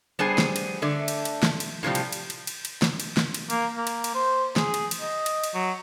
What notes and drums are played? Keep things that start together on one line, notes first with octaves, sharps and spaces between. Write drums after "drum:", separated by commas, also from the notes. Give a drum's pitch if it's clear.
G3 B3 D4 G#4 C5 G#5
drum: snare
drum: cymbal
D3 A3 D5
drum: cymbal
drum: cymbal
drum: snare
drum: cymbal
A2 C3 F3 G3
drum: cymbal
drum: cymbal
drum: cymbal
drum: cymbal
drum: cymbal
drum: snare
drum: cymbal
drum: snare
drum: cymbal
A#3, drum: cymbal
A#3
drum: cymbal
drum: cymbal
C5
G#4, drum: snare
drum: cymbal
drum: cymbal
D#5
drum: cymbal
drum: cymbal
F#3